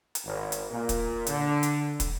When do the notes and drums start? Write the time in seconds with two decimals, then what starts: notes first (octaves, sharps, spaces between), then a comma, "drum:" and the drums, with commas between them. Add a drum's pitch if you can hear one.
0.15 drum: hi-hat
0.24 G#1
0.52 drum: hi-hat
0.70 A#2
0.89 drum: kick, hi-hat
1.27 D3, drum: hi-hat
1.63 drum: hi-hat
2.00 drum: kick, hi-hat